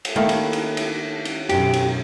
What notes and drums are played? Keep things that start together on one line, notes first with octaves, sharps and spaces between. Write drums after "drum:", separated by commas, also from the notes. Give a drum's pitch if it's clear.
drum: cymbal
D#3 A3 A#3 E4
drum: cymbal
drum: cymbal
drum: cymbal
drum: cymbal
F#2 B2 G4, drum: cymbal
drum: cymbal